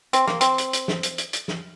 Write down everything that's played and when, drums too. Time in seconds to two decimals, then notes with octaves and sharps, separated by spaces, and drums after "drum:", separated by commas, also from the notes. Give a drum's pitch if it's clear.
0.13 C4, drum: hi-hat
0.27 A#3, drum: snare
0.41 C4, drum: hi-hat
0.58 drum: hi-hat
0.73 drum: hi-hat
0.88 drum: snare
1.03 drum: hi-hat
1.18 drum: hi-hat
1.33 drum: hi-hat
1.48 drum: snare